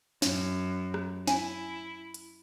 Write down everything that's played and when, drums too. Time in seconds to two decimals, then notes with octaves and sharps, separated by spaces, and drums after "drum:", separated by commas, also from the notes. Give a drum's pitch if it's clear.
0.22 F#2, drum: snare
0.94 drum: rim click
1.27 E4 G#5, drum: snare
2.14 drum: hi-hat